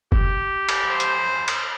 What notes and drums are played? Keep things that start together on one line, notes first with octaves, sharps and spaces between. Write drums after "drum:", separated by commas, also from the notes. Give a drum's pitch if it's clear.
G4, drum: kick
drum: cymbal
C5
drum: hi-hat
drum: cymbal